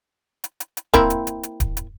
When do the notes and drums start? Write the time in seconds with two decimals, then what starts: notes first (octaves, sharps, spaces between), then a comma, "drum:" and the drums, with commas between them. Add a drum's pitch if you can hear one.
0.44 drum: hi-hat
0.60 drum: hi-hat
0.77 drum: hi-hat
0.94 A#3 C4 E4, drum: kick D1, hi-hat
1.10 drum: hi-hat
1.27 drum: hi-hat
1.43 drum: hi-hat
1.60 drum: kick D1, hi-hat
1.77 drum: hi-hat